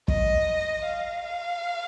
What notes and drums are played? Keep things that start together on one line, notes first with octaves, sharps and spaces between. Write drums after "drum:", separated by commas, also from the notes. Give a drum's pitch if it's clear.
D#5, drum: kick
F5